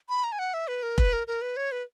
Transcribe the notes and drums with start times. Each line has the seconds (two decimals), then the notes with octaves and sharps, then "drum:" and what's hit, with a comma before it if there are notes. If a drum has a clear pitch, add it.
0.09 B5
0.24 A#5
0.32 G#5
0.39 F#5
0.54 E5
0.68 B4
0.83 A#4
0.98 B4, drum: kick F1
1.13 A#4
1.27 A#4
1.42 B4
1.57 C#5
1.72 B4